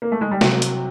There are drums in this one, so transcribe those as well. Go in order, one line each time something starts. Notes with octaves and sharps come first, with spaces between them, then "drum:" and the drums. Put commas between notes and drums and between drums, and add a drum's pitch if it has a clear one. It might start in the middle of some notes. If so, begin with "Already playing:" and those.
A#3
A3
G#3
G3
C3 F#3, drum: snare
drum: hi-hat